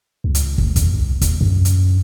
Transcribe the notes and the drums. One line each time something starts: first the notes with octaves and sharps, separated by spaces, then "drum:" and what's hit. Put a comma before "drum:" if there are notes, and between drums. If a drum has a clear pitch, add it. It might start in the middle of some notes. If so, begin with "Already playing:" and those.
C#2
drum: hi-hat
D2, drum: kick
E2, drum: kick, hi-hat
C2
D#2, drum: kick, hi-hat
F#2
drum: hi-hat